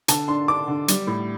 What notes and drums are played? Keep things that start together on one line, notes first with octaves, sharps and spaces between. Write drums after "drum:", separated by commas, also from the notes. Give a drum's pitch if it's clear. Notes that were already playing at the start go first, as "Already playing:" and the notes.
D3 A5, drum: hi-hat
D4 C6
D4 D6
D3
G3, drum: hi-hat
A2